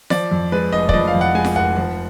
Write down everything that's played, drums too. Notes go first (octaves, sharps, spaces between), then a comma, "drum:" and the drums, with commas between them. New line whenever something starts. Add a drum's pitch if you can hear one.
F3 D5, drum: snare F4
F2
G#3 B4
F1 D#5
D5, drum: kick
F3 D#5
F5
F2
F#5
G#3 G#5
drum: snare F4
F1 F#5
F3